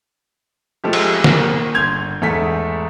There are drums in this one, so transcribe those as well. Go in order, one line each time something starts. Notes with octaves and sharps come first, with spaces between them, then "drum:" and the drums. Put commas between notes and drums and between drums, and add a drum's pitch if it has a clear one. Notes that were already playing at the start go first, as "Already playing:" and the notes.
F3 G#3 A3 G4
drum: cymbal
A#3, drum: snare
G1 C6 G6 G#6 F7
E2 G#2 A3 G#5 B6